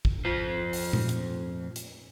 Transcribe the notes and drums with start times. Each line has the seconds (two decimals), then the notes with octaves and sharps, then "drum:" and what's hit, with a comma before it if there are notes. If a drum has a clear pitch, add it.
0.05 drum: kick
0.25 F2 F4 C5
0.73 drum: open hi-hat
0.93 drum: tom A#2
1.09 drum: hi-hat
1.76 drum: hi-hat